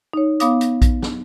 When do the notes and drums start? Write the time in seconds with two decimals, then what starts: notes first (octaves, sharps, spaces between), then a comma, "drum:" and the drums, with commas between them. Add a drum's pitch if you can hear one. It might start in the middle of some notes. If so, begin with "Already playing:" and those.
0.13 D#4 C#5
0.40 B3 C#5 F5 D6 D#6, drum: hi-hat
0.61 drum: hi-hat
0.82 drum: kick A#1, hi-hat
1.02 drum: snare